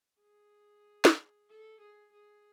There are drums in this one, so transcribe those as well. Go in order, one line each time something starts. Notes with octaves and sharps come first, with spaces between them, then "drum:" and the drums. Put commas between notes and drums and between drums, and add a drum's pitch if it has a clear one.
G#4
drum: snare
A4
G#4
G#4